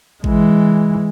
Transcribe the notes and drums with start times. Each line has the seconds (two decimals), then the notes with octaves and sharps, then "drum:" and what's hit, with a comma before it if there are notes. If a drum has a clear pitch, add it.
0.24 E3 G#3, drum: kick A1